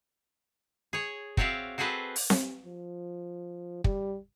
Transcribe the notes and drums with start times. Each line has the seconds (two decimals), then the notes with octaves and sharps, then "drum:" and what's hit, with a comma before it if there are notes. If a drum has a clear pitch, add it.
0.93 G#4 C#5
1.37 C4 F#4 C#5 D5 E5 F5, drum: kick
1.78 C4 F#4 G#4 A4 B4 C5
2.16 drum: open hi-hat
2.30 drum: snare C4
2.65 F3
3.84 G3, drum: kick